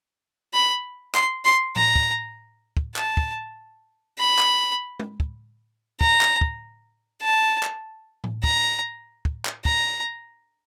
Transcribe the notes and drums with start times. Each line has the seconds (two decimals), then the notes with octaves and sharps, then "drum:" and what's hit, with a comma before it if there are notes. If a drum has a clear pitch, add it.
0.54 B5
1.15 C6, drum: clap
1.45 C6
1.76 A#5, drum: tom A2
1.96 drum: kick
2.77 drum: kick
2.96 A5, drum: clap
3.17 drum: kick
4.19 B5
4.39 drum: clap
4.99 drum: tom
5.20 drum: kick
6.01 A#5, drum: kick
6.21 drum: clap
6.41 drum: kick
7.22 A5
7.63 drum: clap
8.24 drum: tom A2
8.44 A#5, drum: kick
9.25 drum: kick
9.45 drum: clap
9.65 A#5, drum: kick